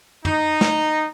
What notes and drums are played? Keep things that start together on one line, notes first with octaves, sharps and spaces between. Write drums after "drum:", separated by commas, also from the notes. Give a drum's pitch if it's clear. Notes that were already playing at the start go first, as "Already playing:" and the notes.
D#4, drum: tom
drum: snare